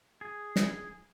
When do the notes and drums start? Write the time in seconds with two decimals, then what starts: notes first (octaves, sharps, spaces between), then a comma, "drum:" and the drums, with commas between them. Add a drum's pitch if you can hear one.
0.21 G#4
0.56 drum: snare